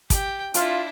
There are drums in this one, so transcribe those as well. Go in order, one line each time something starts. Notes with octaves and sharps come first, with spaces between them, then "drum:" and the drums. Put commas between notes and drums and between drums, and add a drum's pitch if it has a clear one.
G4 G5, drum: kick, hi-hat
D4 E4 F4, drum: hi-hat